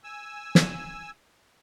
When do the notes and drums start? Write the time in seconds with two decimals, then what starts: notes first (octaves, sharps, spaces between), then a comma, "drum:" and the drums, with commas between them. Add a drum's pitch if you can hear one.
0.04 G#5 E6
0.55 drum: snare